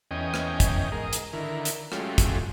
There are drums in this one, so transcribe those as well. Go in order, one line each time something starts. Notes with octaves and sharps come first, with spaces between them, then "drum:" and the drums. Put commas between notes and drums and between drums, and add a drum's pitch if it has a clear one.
E2 C#4 D#5 G5 G#5
drum: rim click
drum: kick, hi-hat
G#2 G#4 A#4 D#5
drum: hi-hat
D3 D#3 E4 A#4
drum: hi-hat
F#3 G#3 A3 C#4 F4 G4, drum: rim click
drum: kick, hi-hat